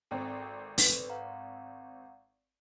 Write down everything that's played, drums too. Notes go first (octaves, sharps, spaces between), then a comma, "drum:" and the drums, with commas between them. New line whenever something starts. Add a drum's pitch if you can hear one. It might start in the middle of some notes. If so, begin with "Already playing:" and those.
G#1 C4 A4 G5 A#5
A4 B4, drum: open hi-hat
F5 F#5 A#5